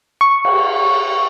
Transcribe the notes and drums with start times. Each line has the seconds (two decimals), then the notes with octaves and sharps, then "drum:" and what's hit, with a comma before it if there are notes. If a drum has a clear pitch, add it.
0.21 C#6
0.45 drum: cymbal